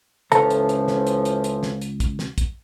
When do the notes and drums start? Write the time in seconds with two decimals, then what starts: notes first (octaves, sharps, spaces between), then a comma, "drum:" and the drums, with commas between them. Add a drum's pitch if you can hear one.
0.32 C#2 A2 E3 F3 A4 A#5, drum: hi-hat
0.50 drum: hi-hat
0.69 drum: hi-hat
0.88 drum: snare
1.07 drum: hi-hat
1.25 drum: hi-hat
1.44 drum: hi-hat
1.63 drum: snare
1.81 drum: hi-hat
2.00 drum: kick, hi-hat
2.19 drum: snare
2.38 drum: kick, hi-hat